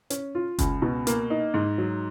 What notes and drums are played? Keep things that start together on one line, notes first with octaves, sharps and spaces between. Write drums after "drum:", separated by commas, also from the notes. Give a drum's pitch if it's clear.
C#4, drum: hi-hat
F4
C#2, drum: kick F#1, hi-hat
B2
A#3, drum: hi-hat
D#4
G#2
F#3